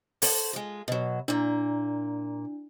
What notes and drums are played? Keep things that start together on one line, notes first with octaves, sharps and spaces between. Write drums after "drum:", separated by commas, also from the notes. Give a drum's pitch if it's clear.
A4 C5, drum: open hi-hat
G#3 F4
B2 F#3
A#2 A#3 D4 E4